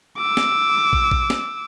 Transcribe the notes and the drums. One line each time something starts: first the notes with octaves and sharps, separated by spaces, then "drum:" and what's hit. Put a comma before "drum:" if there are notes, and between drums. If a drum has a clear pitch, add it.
D6 E6
drum: snare
drum: kick
drum: kick
drum: snare